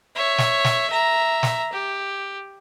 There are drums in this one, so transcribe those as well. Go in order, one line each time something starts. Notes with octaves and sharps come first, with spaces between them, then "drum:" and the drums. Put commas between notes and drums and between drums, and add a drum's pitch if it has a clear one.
C#5 E5
drum: snare
drum: snare
E5 A#5
drum: snare
G4